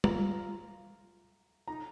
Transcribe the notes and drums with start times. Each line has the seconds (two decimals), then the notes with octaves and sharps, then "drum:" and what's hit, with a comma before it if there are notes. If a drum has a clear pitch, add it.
0.04 F4 A#5, drum: tom
1.68 D#4 A#5